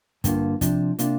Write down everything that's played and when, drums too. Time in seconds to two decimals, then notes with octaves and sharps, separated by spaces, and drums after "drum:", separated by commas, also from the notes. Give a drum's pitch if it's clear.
0.24 G2 D3 A#3 F4, drum: kick, hi-hat
0.61 C3 F3 D4, drum: kick, hi-hat
0.99 C3 A#3 D4 F4, drum: hi-hat